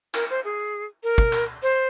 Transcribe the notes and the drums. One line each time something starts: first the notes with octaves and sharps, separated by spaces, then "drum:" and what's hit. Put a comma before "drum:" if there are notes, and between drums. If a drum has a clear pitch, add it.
A#4, drum: clap
C5
G#4
A#4
drum: kick
drum: clap
C5